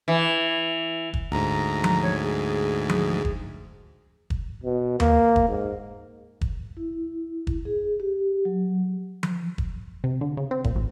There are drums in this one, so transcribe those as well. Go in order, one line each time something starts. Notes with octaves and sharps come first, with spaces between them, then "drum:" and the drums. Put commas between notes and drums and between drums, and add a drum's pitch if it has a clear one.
E3
drum: kick
D2 G#2 A#5
drum: tom F3
C#5
G#4
drum: tom F3
drum: kick
drum: kick
B2
A#3, drum: tom D#2
drum: kick
G#2
drum: kick
E4
drum: kick
G#4
G4
F#3
drum: tom F3
drum: kick
C3
D3
C#3
C4
A#2, drum: kick
A1